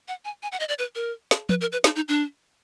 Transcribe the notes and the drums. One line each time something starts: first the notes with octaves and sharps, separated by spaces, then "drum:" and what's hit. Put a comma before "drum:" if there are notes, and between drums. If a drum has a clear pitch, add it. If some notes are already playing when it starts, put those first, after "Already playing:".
F#5
G#5
G#5
F#5
D#5
D5
B4
A#4
drum: snare
B4, drum: tom F3
A#4
B4
D#4, drum: snare
D#4
D4